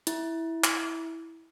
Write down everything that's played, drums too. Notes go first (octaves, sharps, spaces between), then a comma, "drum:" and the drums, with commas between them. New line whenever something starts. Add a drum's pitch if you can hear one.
E4, drum: hi-hat
drum: clap